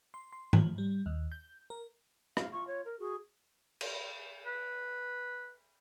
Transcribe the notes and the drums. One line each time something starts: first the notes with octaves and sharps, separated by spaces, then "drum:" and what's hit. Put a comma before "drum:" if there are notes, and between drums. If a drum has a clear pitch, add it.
C6
C6
F3, drum: tom G#2
G3
D#2
G6
A#4
F5, drum: rim click
F4 C#6
C#5
A#4
F#4 G#4
drum: cymbal
B4